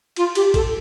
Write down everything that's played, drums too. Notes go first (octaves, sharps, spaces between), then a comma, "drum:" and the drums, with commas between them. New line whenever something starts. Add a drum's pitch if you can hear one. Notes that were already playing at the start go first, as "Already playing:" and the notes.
F4, drum: cymbal
G4, drum: cymbal
A4, drum: kick A1, cymbal